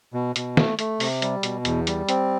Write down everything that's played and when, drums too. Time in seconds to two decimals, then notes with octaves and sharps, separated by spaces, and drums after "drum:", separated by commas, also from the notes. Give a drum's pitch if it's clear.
0.14 B2
0.36 B2, drum: hi-hat
0.57 A3, drum: snare
0.79 A3, drum: hi-hat
1.00 C3, drum: open hi-hat
1.22 G3, drum: hi-hat
1.43 B2, drum: hi-hat
1.65 E2, drum: hi-hat
1.87 G3, drum: hi-hat
2.09 C4, drum: hi-hat